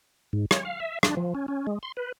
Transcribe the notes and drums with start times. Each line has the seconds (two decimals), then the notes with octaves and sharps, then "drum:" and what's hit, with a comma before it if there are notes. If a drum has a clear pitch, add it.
0.33 G#2
0.51 C#5, drum: rim click
0.65 F5
0.80 E5
1.03 D4, drum: rim click
1.17 F3
1.35 C#4
1.48 C#4
1.67 G#3
1.83 C6
1.97 B4